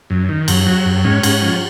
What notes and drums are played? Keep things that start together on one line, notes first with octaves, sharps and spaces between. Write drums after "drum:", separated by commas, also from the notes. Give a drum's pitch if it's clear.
F#2
D#3
F#2, drum: cymbal
F#3
F#2
G#2 C#4
G#2, drum: cymbal
F3